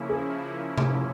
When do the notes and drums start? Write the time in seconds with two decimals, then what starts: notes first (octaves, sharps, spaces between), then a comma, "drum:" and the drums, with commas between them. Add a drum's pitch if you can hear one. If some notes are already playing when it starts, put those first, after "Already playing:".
Already playing: C#3 F3 A#3 C#4 E4
0.09 G#4
0.78 drum: tom C3